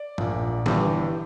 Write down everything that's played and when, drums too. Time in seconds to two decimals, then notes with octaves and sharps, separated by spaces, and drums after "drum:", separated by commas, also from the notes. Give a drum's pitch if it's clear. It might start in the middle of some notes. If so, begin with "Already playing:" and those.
Already playing: D5
0.18 A#1 A#2, drum: tom
0.66 G1 G2 E3 G4, drum: snare